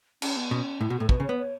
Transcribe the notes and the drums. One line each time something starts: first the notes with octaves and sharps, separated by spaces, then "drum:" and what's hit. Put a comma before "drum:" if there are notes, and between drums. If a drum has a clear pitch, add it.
C#4, drum: cymbal
B3
B2 C#4
A2 E4
B2 F#4
A2 A4
B2 B4, drum: kick
C#3
C#5
B3
C#5